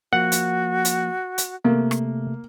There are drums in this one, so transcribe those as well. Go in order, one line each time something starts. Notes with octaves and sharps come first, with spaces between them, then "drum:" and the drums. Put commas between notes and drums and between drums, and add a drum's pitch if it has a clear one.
F3 A#3 F#4 F#5
drum: hi-hat
drum: hi-hat
drum: hi-hat
C3 A3 A#3
drum: rim click